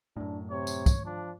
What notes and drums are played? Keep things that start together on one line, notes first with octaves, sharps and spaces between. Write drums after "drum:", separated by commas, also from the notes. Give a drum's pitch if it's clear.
F#2 A2 D4
C3 C#5
drum: tambourine
drum: kick, tambourine
F3 D4